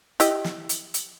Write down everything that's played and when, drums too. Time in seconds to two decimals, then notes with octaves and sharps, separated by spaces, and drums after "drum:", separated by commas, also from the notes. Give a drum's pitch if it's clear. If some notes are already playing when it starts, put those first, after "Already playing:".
0.20 E4 G4 D#5, drum: hi-hat
0.44 drum: snare
0.69 drum: hi-hat
0.94 drum: hi-hat